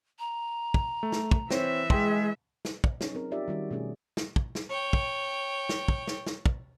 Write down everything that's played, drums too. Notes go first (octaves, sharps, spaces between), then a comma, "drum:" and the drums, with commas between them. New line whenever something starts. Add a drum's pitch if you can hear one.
A#5
drum: kick
A3
drum: snare
drum: kick
E3 C4 C5 C#5 E5, drum: snare
G#3 G#4 G5 C6, drum: kick
drum: snare
drum: kick
F#3 C#4 D#4 G#4 C#5, drum: snare
C4 A#4
D#4 F4 G4 D5 E5
D#3 G3 F#4
B2 A3 C#4 G#4
drum: snare
drum: kick
drum: snare
C#5 G5
drum: kick
drum: snare
drum: kick
drum: snare
drum: snare
drum: kick